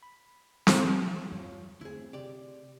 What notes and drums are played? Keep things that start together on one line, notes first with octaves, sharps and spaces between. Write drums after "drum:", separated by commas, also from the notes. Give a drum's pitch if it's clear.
B5
D3 A3 A#3, drum: snare C4
E2 G2 F4 C#5
D3 A3 C4 E4 G#4
C3 G4 D5